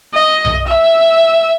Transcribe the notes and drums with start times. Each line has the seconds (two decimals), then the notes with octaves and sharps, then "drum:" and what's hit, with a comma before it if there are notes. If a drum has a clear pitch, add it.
0.14 D#5
0.45 drum: tom B1
0.67 E5